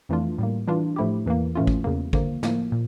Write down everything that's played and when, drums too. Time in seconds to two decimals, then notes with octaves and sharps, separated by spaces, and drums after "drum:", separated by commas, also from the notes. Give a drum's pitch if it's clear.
0.09 F2 E3 A3 D4 F4
0.38 A2 G3 A#3
0.68 E3 G3 D4 F4
0.96 A2 F3 A3 E4 G4
1.26 E2 E3 A#3
1.55 A2 E3 A3 C#4 F4
1.67 drum: kick
1.84 E2 C#3 G3 A#3
2.13 D3 F3 A#3, drum: kick
2.43 A2 F3 A#3, drum: snare
2.72 A#2